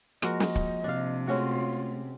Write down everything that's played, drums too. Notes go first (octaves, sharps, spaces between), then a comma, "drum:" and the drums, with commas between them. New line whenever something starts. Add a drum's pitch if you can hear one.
F3 G#3 A#3 F#4 A#4 D#5, drum: rim click
drum: snare
drum: kick
C3 D4 F5
G#3 A3 C#4 F4 F#4